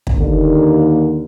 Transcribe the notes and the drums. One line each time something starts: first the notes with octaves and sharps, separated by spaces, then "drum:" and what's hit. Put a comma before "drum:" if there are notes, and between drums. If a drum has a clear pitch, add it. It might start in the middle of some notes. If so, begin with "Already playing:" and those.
drum: kick
D#2 D3 A#3